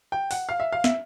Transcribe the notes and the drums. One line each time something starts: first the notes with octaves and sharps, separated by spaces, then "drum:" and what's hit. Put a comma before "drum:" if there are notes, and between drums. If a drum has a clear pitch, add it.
G5
F#5, drum: open hi-hat
F5
E5
F5
E5, drum: snare